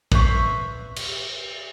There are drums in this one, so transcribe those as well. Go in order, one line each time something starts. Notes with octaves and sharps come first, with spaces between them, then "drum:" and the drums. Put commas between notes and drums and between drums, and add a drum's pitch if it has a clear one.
B4 C5 E5 C#6, drum: kick
drum: cymbal